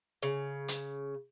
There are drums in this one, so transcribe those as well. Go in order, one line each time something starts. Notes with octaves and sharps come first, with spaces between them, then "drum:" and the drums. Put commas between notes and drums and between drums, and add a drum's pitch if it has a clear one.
C#3
drum: hi-hat